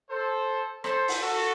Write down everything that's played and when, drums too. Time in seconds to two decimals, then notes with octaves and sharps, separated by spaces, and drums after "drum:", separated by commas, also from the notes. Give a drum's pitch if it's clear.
0.10 A4 C5
0.84 A4 C5, drum: rim click
1.08 drum: open hi-hat
1.21 F#4 A4